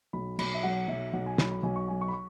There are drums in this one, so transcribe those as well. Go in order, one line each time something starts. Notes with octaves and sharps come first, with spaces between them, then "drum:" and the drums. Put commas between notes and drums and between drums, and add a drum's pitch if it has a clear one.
B1 B5
B1 B5, drum: cymbal
E5
F#3 F#5
B1 E5
B1 F#5
G#5
B1 B5, drum: snare
B5
B1 G#5
C#6
F#3 G#5
C#6
B5
C#6